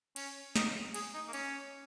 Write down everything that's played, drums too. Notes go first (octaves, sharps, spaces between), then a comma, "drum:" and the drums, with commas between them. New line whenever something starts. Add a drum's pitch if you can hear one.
C#4, drum: cymbal
D#4, drum: snare
G#4, drum: cymbal
D#4
A#3
C#4, drum: cymbal